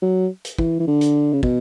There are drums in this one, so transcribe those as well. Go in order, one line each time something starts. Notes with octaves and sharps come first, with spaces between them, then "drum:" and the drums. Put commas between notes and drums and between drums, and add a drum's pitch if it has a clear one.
F#3
drum: hi-hat
E3, drum: kick
E3
D3
drum: hi-hat
C#3
B2, drum: kick